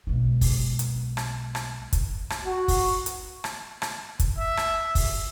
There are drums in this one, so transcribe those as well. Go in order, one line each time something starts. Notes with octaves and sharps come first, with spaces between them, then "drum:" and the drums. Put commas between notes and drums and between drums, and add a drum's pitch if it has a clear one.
B1 G#3
drum: kick, open hi-hat
drum: hi-hat
drum: rim click
drum: rim click
drum: kick, hi-hat
drum: rim click
F#4
drum: kick, open hi-hat
drum: hi-hat
drum: rim click
drum: rim click
drum: kick, hi-hat
E5
drum: rim click
drum: kick, open hi-hat